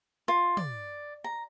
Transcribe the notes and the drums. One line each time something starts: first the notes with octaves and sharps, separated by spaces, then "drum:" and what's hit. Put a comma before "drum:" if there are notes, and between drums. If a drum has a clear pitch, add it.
F4, drum: rim click
D5, drum: tom
A#5